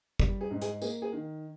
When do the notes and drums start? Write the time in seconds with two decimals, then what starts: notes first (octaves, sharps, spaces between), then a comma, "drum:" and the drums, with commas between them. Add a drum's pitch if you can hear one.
0.20 G3, drum: kick
0.41 G#4
0.51 G#2
0.62 G#4, drum: hi-hat
0.82 A#3 G#4, drum: tambourine
1.02 G#4
1.13 D#3